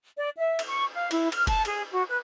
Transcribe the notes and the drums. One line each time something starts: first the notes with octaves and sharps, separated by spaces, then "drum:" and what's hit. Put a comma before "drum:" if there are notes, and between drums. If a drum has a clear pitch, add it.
D5
E5
drum: cymbal
C#6
F5
E4, drum: cymbal
F6, drum: cymbal
A5, drum: kick, cymbal
G#4, drum: cymbal
F#4
B4